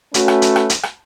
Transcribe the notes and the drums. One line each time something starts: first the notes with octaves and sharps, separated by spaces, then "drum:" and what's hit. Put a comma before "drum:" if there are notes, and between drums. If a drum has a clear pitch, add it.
A3 C#4 F#4 B4, drum: hi-hat
drum: rim click
drum: hi-hat
drum: rim click
drum: hi-hat
drum: rim click